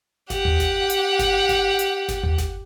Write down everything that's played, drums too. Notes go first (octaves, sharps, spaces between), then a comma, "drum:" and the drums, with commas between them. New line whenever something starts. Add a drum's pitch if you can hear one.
G4 F#5, drum: snare G1
drum: tom D#2
drum: snare G1
drum: hi-hat
drum: snare G1
drum: snare G1
drum: hi-hat
drum: snare G1
drum: tom D#2
drum: snare G1